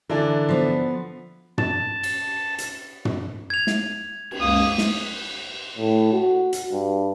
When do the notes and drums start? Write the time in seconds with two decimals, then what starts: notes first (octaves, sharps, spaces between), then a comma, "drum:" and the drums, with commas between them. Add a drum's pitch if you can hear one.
0.09 D3 E3 D4 A#4
0.49 F3 B3
1.58 A5, drum: tom
2.03 drum: cymbal
2.58 drum: hi-hat
3.05 drum: tom
3.50 G#6 F7
3.67 drum: snare
4.31 drum: cymbal
4.41 C#2 F#2 A#3 D#6
4.78 drum: snare
5.78 A2
6.13 F#4
6.53 drum: hi-hat
6.72 G2